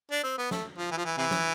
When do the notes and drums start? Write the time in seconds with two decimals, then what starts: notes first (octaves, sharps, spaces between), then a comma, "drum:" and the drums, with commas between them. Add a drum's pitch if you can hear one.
0.11 D4
0.23 C4
0.38 B3
0.51 A3, drum: snare
0.78 F3
0.91 E3
0.97 F3
1.05 E3
1.18 C3 E3
1.31 drum: snare